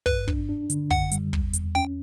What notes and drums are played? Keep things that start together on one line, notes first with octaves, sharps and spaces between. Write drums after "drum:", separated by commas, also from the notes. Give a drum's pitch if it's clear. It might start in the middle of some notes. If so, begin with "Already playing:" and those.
G2 B4, drum: kick
D4, drum: kick
D4
D3, drum: hi-hat
F#2 F#5, drum: kick
G3, drum: hi-hat
E2, drum: kick
E2, drum: hi-hat
C#4 G5